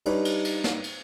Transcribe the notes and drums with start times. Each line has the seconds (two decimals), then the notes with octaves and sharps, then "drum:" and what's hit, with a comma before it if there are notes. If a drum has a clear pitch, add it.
0.06 G3 D4 D#4 G4 B4 C#5, drum: cymbal
0.25 drum: cymbal
0.45 drum: cymbal
0.64 drum: snare
0.84 drum: cymbal